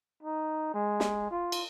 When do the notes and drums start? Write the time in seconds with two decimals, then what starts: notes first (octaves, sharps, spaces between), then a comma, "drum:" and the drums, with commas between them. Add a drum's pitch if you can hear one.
0.23 D#4
0.74 G#3
1.00 drum: snare
1.30 F4
1.52 drum: cymbal